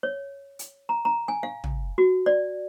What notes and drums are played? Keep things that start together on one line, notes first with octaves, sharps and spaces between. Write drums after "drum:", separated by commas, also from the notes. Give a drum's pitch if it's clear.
C#5
drum: hi-hat
A#5
A#5
G#5
F5
drum: tom
F#4
D5